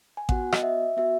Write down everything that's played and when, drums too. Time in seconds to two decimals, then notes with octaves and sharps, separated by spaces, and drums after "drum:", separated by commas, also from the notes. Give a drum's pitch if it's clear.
0.17 G#5
0.29 B3 F#4 F#5, drum: kick A1
0.52 D#5, drum: rim click
0.63 E5
0.97 B3 F#4 E5